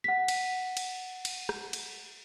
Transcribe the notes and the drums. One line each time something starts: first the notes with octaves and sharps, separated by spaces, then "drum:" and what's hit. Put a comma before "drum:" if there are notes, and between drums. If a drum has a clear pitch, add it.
F#5 B6
drum: cymbal
drum: cymbal
drum: cymbal
drum: rim click
drum: cymbal